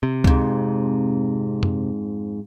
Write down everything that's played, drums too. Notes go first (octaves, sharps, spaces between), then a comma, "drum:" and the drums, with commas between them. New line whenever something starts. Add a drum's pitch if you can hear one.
C3
F2 G#2, drum: kick C#2
drum: tom F#2